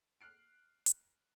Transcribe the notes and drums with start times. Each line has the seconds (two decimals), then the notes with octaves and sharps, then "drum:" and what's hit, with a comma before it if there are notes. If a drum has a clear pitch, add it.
0.21 F6 F#6 C7 D7
0.86 drum: hi-hat